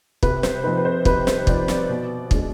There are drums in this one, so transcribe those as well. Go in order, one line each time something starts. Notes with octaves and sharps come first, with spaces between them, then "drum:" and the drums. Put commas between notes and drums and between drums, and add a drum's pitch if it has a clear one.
C3 B4, drum: kick
C5, drum: snare
F3 C4 D#4 B4
B4
C5
C3 B4, drum: kick
C5, drum: snare
F3 C4 D#4 D5, drum: kick
D5, drum: snare
B2
G#3 D4, drum: kick